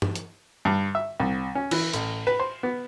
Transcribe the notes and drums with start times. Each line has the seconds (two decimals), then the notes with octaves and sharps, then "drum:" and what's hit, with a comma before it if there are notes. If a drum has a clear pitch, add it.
0.02 drum: tom
0.15 drum: hi-hat
0.65 G2
0.95 E5
1.20 C2
1.55 C#4
1.71 E3, drum: cymbal
1.93 A1, drum: hi-hat
2.27 B4
2.40 C5
2.63 B3